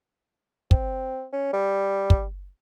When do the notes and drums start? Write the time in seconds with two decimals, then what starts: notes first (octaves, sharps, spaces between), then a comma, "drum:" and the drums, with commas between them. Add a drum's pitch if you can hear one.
0.71 C4, drum: kick
1.32 C#4
1.53 G3
2.10 drum: kick